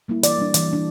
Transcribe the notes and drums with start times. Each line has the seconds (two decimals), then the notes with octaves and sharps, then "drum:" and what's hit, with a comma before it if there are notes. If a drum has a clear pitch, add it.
0.08 G3 A#3 E4
0.23 E3 D5, drum: hi-hat
0.38 G3 D4
0.54 E3, drum: hi-hat
0.69 G3 D4